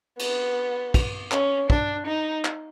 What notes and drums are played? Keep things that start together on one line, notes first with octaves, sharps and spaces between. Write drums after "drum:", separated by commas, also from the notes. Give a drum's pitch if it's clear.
B3, drum: cymbal
drum: kick, cymbal
C#4, drum: clap
D4, drum: kick
D#4
drum: clap